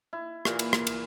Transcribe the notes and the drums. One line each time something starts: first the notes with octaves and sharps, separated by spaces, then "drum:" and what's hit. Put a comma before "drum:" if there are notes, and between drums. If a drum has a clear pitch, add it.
E4
A#2 E3, drum: rim click
drum: cymbal
drum: rim click
drum: cymbal